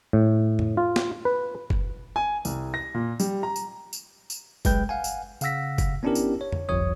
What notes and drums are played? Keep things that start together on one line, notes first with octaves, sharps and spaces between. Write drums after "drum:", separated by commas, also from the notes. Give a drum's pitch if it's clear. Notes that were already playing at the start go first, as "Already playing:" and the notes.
A2
drum: tom F2
F4
drum: snare
B4
drum: kick
G#5
C2, drum: tambourine
A#6
A#2
G3, drum: tambourine
A#5
drum: tambourine
drum: tambourine
drum: tambourine
B1 F#3 G#3 B4 G5 G6, drum: kick, tambourine
F5 F#5 G#5
drum: tambourine
C#3 F5 F#5 E6 A#6 B6, drum: tambourine
drum: kick, tambourine
B3 C#4 D4 E4 G4 A#4
drum: tambourine
C#5
drum: tom F2
G1 C2 F2 F3 C#5 D#6